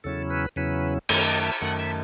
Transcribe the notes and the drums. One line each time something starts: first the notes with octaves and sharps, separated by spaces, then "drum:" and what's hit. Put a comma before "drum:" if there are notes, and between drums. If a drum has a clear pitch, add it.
E2 C#3 F#3 C#4 E4 A4
B4
E2 C#3 F#3 C#4 E4 B4
F#2 D#3 A3 C#5, drum: cymbal
D#5
E5
F#2 D#3 A3 F#5
E5